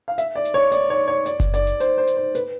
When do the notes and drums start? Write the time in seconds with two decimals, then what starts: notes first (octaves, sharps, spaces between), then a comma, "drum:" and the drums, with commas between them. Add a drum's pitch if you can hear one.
0.08 F5
0.18 E5, drum: hi-hat
0.35 D5
0.45 drum: hi-hat
0.54 C#5
0.72 D5, drum: hi-hat
0.90 C#5
1.08 C#5
1.26 D5, drum: hi-hat
1.40 drum: kick F#1, hi-hat
1.54 D5, drum: hi-hat
1.67 drum: hi-hat
1.80 C5, drum: hi-hat
1.98 C5
2.07 drum: hi-hat
2.17 C5
2.35 B4, drum: hi-hat